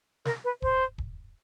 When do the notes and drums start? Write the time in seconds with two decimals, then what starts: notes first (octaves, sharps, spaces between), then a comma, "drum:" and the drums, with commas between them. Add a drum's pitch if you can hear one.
0.25 A#4, drum: snare
0.44 B4
0.62 C5, drum: kick
0.98 drum: kick